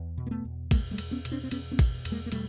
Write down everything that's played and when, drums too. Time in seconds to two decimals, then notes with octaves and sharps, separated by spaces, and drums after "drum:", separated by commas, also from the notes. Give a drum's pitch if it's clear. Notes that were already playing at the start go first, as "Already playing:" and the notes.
Already playing: E2
0.18 B2
0.27 A#3
0.31 A3 B3
0.45 E2
0.71 B2 G#3 A#3, drum: kick A1, cymbal
0.91 G3 A3
0.98 E2, drum: cymbal
1.11 B3 C#4
1.25 B2, drum: cymbal
1.32 C4 D4
1.44 C4
1.51 E2 B3 C#4, drum: cymbal
1.71 B3 C#4
1.79 B2, drum: kick A1, cymbal
2.05 E2, drum: cymbal
2.12 G#3 A#3
2.26 A#3
2.32 B2 G3 A3, drum: cymbal